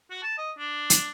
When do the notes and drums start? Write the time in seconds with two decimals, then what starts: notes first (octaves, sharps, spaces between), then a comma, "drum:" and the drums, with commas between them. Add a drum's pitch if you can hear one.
0.10 F#4
0.23 A5
0.38 D#5
0.58 D4
0.90 drum: hi-hat